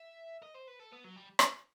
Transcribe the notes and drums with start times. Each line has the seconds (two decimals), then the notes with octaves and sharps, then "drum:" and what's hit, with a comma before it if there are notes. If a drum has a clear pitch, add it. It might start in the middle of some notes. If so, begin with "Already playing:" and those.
Already playing: E5
0.42 D#5
0.54 C5
0.67 B4
0.79 A4
0.92 B3
1.04 F#3
1.16 G3
1.39 drum: rim click